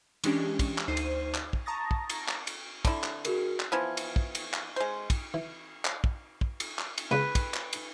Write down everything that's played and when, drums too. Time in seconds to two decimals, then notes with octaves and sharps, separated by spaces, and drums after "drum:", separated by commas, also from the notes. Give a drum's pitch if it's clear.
0.24 E3 G#3 C#4 D4 G4, drum: cymbal
0.59 drum: kick, cymbal
0.78 drum: clap
0.88 D2 D#4 C5 C7 D#7
0.97 drum: cymbal
1.34 drum: clap
1.53 drum: kick
1.66 A5 A#5 C#6 D#6 A6 A#6
1.91 drum: kick
2.10 drum: cymbal
2.28 drum: clap
2.47 drum: cymbal
2.85 D3 E4, drum: kick, cymbal
3.03 drum: clap
3.25 F#4 G#4 A#4, drum: cymbal
3.60 drum: clap
3.72 E3 F3 B3 F6 G#6
3.97 drum: cymbal
4.16 drum: kick
4.35 drum: cymbal
4.54 drum: clap
4.76 G#3 C5
5.10 drum: kick, cymbal
5.34 E3
5.85 drum: clap
6.04 drum: kick
6.41 drum: kick
6.60 drum: cymbal
6.79 drum: clap
6.98 drum: cymbal
7.11 C#2 C#3 B4
7.35 drum: kick, cymbal
7.54 drum: clap
7.73 drum: cymbal